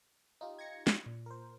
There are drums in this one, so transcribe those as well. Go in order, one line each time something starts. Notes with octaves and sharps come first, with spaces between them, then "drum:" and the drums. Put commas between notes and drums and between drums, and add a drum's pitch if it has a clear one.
D#4 F4 G4
G#6 A#6 C#7
drum: snare
A#2
A#4 C5